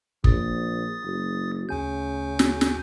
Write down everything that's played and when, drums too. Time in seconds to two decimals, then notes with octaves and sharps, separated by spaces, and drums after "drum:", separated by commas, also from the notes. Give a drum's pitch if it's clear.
0.24 A#1 D#6 A6, drum: kick
1.04 F#1
1.69 D2 C#3 G#5 G6
2.39 drum: snare
2.61 drum: snare